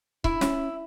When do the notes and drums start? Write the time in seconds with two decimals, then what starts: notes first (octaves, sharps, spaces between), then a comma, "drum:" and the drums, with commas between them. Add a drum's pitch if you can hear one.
0.24 E4, drum: kick
0.41 C#4, drum: snare